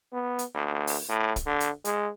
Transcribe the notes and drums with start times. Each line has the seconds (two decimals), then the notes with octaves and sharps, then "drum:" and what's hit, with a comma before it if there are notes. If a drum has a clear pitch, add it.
0.13 B3
0.39 drum: hi-hat
0.55 D2
0.87 drum: open hi-hat
1.09 A2
1.36 drum: kick, hi-hat
1.46 D3
1.60 drum: hi-hat
1.85 G#3, drum: hi-hat